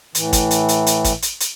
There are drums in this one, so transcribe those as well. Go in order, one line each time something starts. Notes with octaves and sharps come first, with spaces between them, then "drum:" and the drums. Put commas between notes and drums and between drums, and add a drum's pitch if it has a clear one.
A2 E3, drum: hi-hat
drum: kick G#1, hi-hat
drum: hi-hat
drum: hi-hat
drum: hi-hat
drum: kick G#1, hi-hat
drum: hi-hat
drum: hi-hat